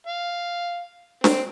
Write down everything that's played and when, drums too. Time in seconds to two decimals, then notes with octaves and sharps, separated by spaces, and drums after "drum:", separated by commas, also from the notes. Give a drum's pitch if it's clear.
0.07 F5
1.24 C4, drum: snare D4